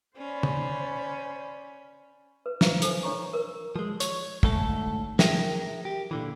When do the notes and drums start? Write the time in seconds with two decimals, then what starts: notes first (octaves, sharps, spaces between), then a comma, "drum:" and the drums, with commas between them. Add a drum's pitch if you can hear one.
0.17 C#4 C5 D5 B5
0.43 drum: tom
2.46 B4
2.61 B4 C5 F5 A#5, drum: snare
2.82 A4 C5 G#5, drum: hi-hat
3.03 D4 C#5 A#5 C#6
3.33 A#4 B4
3.76 F3 G#3
4.00 C#5, drum: hi-hat
4.43 D2 G#2 A3 A4 A5, drum: kick
5.19 G#4 A#4 E5 G5, drum: snare
5.85 G4
6.11 A#2 D3 E3